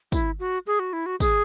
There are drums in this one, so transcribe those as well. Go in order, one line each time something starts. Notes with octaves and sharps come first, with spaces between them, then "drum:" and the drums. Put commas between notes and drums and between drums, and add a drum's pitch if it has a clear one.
E4, drum: kick, tambourine
F#4
G#4
F#4
E4
F#4
G#4, drum: kick, tambourine